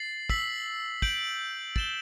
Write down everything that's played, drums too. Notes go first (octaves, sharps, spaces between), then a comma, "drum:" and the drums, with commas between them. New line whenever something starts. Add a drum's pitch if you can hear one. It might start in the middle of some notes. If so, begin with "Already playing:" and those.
Already playing: A6 C7 F#7
E6 B6 F#7, drum: kick
G6 D7 F#7, drum: kick
A6 E7 G7, drum: kick